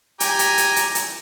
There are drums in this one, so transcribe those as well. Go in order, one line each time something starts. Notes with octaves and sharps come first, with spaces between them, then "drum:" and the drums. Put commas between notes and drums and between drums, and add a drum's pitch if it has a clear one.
G4 G#5 A#5, drum: hi-hat
drum: hi-hat
drum: hi-hat
drum: hi-hat
drum: hi-hat